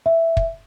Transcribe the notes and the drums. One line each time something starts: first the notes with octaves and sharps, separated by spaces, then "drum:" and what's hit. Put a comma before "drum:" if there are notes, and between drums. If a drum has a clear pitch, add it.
E5
drum: kick